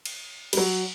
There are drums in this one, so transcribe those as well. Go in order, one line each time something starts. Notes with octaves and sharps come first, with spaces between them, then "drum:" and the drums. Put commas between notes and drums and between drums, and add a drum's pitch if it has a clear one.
drum: cymbal
G3, drum: cymbal
F#3